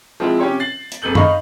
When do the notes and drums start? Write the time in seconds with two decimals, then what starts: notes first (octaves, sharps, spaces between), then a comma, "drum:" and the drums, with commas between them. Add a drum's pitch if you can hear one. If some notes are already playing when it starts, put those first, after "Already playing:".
0.20 F3 G#3 C4 E4 F4
0.39 C3 C#4 G4 C#5 C6
0.60 A6 C7 F#7
0.92 drum: hi-hat
1.02 F#1 C3 A4 G6 F#7
1.15 D#4 D#5 F5 B5 C#6, drum: tom F#2